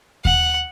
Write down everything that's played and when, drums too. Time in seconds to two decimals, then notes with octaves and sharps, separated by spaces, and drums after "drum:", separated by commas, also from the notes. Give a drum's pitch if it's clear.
0.25 F#5, drum: kick D#2